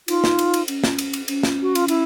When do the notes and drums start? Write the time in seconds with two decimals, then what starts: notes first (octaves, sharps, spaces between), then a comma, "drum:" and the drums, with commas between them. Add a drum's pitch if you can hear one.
0.08 D#4 F4, drum: cymbal
0.24 drum: snare
0.39 drum: cymbal
0.54 drum: cymbal
0.68 C#4, drum: cymbal
0.84 drum: snare
0.99 drum: cymbal
1.13 drum: cymbal
1.28 C#4, drum: cymbal
1.43 drum: snare
1.62 F#4
1.75 F4, drum: cymbal
1.88 E4, drum: cymbal